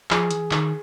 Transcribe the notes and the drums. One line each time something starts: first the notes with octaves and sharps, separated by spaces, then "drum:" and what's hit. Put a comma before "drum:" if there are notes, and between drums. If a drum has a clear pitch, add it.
F3 G#4, drum: clap
E3, drum: hi-hat
D#3, drum: clap